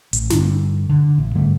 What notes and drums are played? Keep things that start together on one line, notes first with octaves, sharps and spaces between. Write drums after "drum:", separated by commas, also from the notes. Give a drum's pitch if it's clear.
A1, drum: hi-hat
G2 D3, drum: snare
D3
A1
G#2 D3 G3 A3